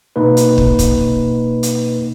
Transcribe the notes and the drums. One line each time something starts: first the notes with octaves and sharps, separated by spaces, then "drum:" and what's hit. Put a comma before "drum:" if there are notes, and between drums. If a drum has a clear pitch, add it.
B2 A#3 D#4 B4
drum: hi-hat
drum: kick
drum: kick, hi-hat
drum: hi-hat